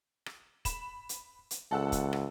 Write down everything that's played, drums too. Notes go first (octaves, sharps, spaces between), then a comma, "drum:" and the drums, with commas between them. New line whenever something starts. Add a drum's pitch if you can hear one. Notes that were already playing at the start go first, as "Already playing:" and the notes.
drum: rim click
B5 E7, drum: kick, hi-hat
drum: hi-hat
drum: hi-hat
C#2 A4 F#5 E6
drum: kick, hi-hat
drum: rim click